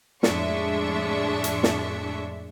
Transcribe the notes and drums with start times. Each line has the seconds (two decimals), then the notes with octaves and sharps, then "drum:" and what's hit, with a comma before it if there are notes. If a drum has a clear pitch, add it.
0.23 F2 A2 G#3 D4 E5 C#6, drum: snare
1.44 drum: hi-hat
1.63 drum: snare